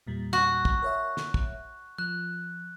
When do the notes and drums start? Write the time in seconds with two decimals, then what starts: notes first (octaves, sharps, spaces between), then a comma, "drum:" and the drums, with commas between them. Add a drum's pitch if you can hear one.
0.07 E2 A#2 G3
0.33 F#4 F#6
0.65 drum: kick
0.82 A#4 C#5 E5
1.17 drum: snare
1.34 drum: kick
1.98 F3 F#6